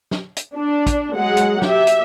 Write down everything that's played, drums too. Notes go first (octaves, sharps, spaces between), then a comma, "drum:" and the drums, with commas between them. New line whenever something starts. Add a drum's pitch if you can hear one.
drum: snare
drum: hi-hat
D4
drum: kick, hi-hat
F#3 G#3 F#5
drum: hi-hat
G4 E5, drum: snare
drum: hi-hat